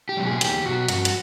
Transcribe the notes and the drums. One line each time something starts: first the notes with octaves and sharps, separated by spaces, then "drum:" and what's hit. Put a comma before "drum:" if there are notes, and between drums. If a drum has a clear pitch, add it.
G4
B2 F#3
G#4
E2 G4, drum: hi-hat
B2 F#3 F#4
G2 F#4, drum: hi-hat
drum: hi-hat